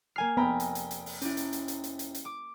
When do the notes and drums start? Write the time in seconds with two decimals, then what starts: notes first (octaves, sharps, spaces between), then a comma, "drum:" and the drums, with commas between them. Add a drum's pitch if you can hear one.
0.16 A#3 G#5 F6 C7
0.37 F1 B3 G5 A#5 B5
0.60 drum: hi-hat
0.75 drum: hi-hat
0.91 drum: hi-hat
1.06 drum: open hi-hat
1.22 C#4 E4, drum: hi-hat
1.37 drum: hi-hat
1.53 drum: hi-hat
1.68 drum: hi-hat
1.84 drum: hi-hat
1.99 drum: hi-hat
2.15 drum: hi-hat
2.25 D6